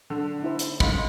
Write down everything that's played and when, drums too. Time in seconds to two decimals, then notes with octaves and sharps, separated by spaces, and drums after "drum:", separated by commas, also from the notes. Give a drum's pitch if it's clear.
0.10 D3
0.43 D#4 E4 C5
0.59 drum: hi-hat
0.80 C#2 G#2 F5 B5, drum: kick